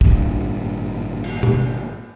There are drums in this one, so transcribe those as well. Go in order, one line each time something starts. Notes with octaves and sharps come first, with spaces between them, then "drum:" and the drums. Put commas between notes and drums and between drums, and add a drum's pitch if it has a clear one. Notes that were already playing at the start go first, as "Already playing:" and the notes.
G#1 G2 A#2, drum: kick
drum: cymbal
drum: tom